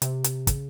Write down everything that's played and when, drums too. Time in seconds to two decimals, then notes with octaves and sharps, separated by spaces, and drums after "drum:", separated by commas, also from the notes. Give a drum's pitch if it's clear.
0.02 C3, drum: hi-hat
0.24 drum: hi-hat
0.47 C#3, drum: kick, hi-hat